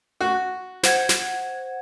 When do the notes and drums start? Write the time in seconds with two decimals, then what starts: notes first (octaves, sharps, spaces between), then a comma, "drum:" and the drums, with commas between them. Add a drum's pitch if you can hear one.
0.21 F#4
0.83 C5 F#5 G#6, drum: snare
1.09 drum: snare